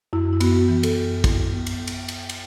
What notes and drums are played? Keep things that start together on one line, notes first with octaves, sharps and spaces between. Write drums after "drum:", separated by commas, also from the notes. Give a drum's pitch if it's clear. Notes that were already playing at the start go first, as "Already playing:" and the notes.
F#2 E4
E4
B3 F#4, drum: cymbal
E3
A4, drum: cymbal
F#2
F#2 E4, drum: kick, cymbal
B3
drum: cymbal
drum: cymbal
drum: cymbal
drum: cymbal